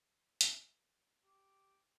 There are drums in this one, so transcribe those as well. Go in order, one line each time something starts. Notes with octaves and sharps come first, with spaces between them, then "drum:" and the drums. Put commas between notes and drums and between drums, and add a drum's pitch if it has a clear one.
drum: hi-hat
G4